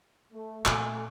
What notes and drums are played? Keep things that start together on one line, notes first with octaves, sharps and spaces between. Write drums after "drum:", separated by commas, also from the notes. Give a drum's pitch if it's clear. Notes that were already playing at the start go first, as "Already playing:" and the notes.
A3
A#2 A3 C#4 G#5, drum: clap